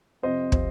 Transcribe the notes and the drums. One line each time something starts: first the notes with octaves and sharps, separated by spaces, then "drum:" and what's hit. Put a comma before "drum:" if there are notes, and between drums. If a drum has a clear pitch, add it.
F2 C3 F3 C4 C5 D#5
C3 F3 C4, drum: kick